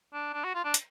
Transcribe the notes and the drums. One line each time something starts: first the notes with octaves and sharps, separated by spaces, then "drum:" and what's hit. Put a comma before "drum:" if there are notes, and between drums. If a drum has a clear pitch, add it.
D4
D4
F#4
F4
D4
drum: hi-hat